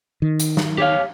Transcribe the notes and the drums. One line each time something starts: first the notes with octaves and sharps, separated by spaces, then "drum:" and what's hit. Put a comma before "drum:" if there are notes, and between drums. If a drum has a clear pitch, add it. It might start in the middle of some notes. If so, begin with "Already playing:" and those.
D#3
drum: hi-hat
drum: snare
G4 C#5 F5